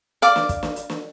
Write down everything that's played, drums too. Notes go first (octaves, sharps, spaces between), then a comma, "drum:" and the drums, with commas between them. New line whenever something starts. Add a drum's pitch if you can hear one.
D5 F5 D6, drum: hi-hat
drum: snare
drum: kick, hi-hat
drum: snare
drum: hi-hat
drum: snare